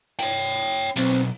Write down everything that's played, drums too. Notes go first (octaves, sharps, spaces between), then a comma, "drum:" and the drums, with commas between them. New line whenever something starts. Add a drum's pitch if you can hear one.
C#5 G5, drum: hi-hat
B1 C4, drum: hi-hat